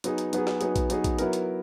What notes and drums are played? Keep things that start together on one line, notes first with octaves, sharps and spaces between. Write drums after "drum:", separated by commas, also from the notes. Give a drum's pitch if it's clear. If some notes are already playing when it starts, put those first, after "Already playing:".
F#3 B3 D#4 G#4, drum: hi-hat
drum: hi-hat
F#3 B3 D#4 G#4, drum: hi-hat
drum: snare
F#3 B3 D#4 G#4, drum: hi-hat
drum: kick A#1, hi-hat
F#3 B3 D#4 G#4, drum: hi-hat
drum: kick A#1, hi-hat
F#3 B3 E4 A#4, drum: hi-hat
drum: hi-hat